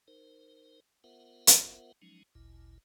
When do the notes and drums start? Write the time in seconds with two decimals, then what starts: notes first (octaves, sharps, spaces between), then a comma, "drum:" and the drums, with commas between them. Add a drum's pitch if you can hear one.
0.08 D#4 A#4 C5
1.04 B3 F4 A#4 C5 E5 F#5
1.47 drum: hi-hat
2.02 F3 F#3 G#3 C#4 D#4
2.35 G#1 D2 A#2 E4